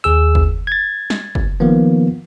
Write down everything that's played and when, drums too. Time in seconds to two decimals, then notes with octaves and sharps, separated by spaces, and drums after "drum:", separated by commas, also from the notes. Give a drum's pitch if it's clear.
0.04 D#2 G#4 E6
0.35 drum: kick
0.67 G#6 A6
1.10 drum: snare
1.35 drum: kick
1.60 D#3 F3 A#3 B3